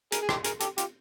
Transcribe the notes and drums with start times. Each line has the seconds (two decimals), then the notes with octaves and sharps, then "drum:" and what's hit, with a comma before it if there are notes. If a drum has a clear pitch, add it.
0.12 G#4 A#4, drum: hi-hat
0.22 G#4
0.29 G4 A4, drum: rim click
0.44 G#4 A#4, drum: hi-hat
0.60 G4 A4, drum: hi-hat
0.78 F4 G4, drum: hi-hat